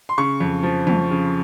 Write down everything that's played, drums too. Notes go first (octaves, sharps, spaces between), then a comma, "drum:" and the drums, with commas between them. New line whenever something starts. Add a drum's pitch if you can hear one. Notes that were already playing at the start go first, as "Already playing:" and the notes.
C6
C#3 C#6
F2
F3
F2, drum: tom
C#3